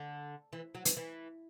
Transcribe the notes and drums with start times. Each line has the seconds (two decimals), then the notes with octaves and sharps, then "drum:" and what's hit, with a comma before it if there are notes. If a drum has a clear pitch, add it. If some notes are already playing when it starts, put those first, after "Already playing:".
Already playing: D3
0.53 E3
0.75 F#3
0.85 E3, drum: hi-hat
0.97 E3